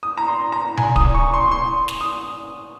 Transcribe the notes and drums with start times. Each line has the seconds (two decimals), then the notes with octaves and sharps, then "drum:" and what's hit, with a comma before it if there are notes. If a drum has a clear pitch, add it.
0.03 D#6
0.17 A#5
0.28 C6
0.52 A#5
0.77 G#5, drum: tom B2
0.96 D#6, drum: kick D1
1.15 C#6
1.34 C6
1.51 C6
1.88 drum: snare
2.01 D#6